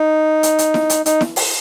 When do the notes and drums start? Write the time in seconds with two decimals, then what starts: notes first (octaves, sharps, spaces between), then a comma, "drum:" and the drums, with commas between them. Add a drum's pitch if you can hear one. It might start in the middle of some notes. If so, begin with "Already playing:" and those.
Already playing: D#4
0.43 drum: hi-hat
0.59 drum: hi-hat
0.74 drum: snare E4
0.90 drum: hi-hat
1.06 D#4, drum: hi-hat
1.21 drum: snare E4
1.36 drum: open hi-hat